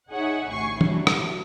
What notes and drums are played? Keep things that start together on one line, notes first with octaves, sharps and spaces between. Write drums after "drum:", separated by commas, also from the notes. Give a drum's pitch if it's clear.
D#4 G#4 C#5 E5 F#5 G#5
A1 D2 C3 G#5 C#6 C7
F#3 G3 D4 E4, drum: tom
drum: rim click